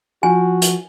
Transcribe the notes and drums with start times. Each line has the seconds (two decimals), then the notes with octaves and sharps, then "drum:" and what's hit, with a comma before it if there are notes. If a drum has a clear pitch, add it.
0.23 F3 F#4 G#5
0.62 drum: hi-hat